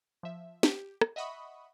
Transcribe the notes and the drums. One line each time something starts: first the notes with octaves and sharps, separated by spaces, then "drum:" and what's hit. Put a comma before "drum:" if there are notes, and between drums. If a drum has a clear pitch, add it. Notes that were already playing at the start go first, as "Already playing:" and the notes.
F3 E5
G4, drum: snare
drum: rim click
D#5 E5 F#5 B5 C#6 D#6